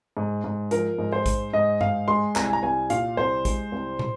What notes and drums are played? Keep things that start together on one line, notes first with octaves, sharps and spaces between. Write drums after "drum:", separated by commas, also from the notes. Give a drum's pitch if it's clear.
G#2
G#2
F3 A#4, drum: hi-hat
G#2
C5
G#2, drum: kick, hi-hat
G#2 D#5
G#2 F5, drum: tom G2
G#3 C6
C2 A#5, drum: clap
G#5
A#5
C2 G#5
A#2 F5, drum: hi-hat
C2 C5
G#3, drum: kick, hi-hat
C2
drum: tom